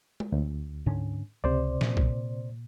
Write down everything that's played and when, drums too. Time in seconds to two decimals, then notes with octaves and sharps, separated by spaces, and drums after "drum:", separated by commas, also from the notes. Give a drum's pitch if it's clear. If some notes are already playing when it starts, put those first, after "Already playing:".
0.20 drum: tom G#3
0.32 D2
0.86 G#2 D3 C#4
1.44 C#2 C3 C5 D5
1.81 A#2, drum: snare
1.97 drum: kick